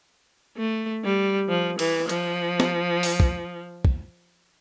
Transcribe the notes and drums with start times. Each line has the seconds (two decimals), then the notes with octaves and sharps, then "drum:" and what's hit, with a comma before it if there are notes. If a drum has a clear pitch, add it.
0.57 A3
1.04 G3
1.49 F3
1.79 E3, drum: cymbal
2.09 F3, drum: hi-hat
2.60 drum: snare
3.03 drum: open hi-hat
3.20 drum: kick
3.85 drum: kick